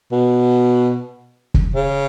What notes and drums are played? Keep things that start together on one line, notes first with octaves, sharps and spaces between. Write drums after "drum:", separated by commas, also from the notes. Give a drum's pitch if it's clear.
B2
drum: kick
C#3